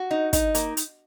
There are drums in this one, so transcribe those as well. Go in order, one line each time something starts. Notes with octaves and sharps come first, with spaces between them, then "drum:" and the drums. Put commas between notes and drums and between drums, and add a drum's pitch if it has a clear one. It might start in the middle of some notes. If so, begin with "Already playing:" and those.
Already playing: F#4
D#4
D#4, drum: kick, hi-hat
A#3, drum: hi-hat
drum: hi-hat